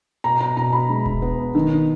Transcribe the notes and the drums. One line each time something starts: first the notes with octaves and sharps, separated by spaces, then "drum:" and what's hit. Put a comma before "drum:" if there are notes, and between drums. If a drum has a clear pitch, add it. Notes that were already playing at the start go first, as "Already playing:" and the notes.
B2 A#5
A#5
B2 A#5
B5
G#3
drum: kick D#1
B3
D#3